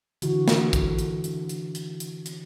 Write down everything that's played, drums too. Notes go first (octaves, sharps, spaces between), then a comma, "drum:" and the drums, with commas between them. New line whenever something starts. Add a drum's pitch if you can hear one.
D3 E3 F#4, drum: hi-hat
drum: snare
drum: kick, hi-hat
drum: hi-hat
drum: hi-hat
drum: hi-hat
drum: hi-hat
drum: hi-hat
drum: hi-hat